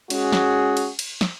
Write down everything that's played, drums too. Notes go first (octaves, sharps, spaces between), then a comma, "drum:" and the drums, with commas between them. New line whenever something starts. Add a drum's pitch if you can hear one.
G#3 C#4 F#4 G#4, drum: cymbal
drum: snare
drum: cymbal
drum: cymbal
drum: snare